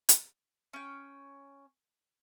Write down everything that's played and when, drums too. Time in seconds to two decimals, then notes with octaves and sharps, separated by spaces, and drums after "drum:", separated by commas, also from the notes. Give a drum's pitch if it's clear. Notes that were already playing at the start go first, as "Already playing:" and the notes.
0.09 drum: hi-hat
0.73 C#4 G5